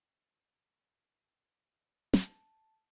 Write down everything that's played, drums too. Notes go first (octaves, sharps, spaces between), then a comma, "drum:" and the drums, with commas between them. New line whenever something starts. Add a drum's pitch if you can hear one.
A5, drum: snare